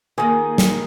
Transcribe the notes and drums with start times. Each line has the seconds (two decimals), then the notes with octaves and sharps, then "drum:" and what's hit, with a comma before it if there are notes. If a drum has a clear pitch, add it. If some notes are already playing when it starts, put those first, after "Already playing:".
0.18 D#3 A#3 G#4
0.58 drum: snare